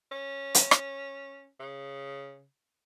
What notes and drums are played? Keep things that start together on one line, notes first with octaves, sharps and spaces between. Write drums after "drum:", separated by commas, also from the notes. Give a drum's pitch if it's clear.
C#4
drum: hi-hat
drum: rim click
C#3